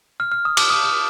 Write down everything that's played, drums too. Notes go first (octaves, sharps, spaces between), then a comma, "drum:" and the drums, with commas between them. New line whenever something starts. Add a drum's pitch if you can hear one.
F6
F6
D#6
D6, drum: cymbal
D#6
D#6